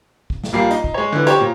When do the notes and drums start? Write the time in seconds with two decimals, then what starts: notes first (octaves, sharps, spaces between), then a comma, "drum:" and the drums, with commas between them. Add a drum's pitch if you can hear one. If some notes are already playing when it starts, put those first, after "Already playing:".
0.30 drum: kick
0.44 drum: snare
0.53 A#1 G3 A#3 C7
0.71 D#4, drum: hi-hat
0.84 drum: kick
0.94 G#3 C#5
1.12 D3 E3
1.27 G4 C5 C#5, drum: hi-hat
1.40 A#2